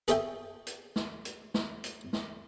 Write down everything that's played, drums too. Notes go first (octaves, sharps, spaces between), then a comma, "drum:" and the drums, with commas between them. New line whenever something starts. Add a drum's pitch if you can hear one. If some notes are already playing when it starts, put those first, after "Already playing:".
G#4 A4 C#5 E5 G5, drum: hi-hat
drum: hi-hat
drum: snare
drum: hi-hat
drum: snare
drum: hi-hat
drum: snare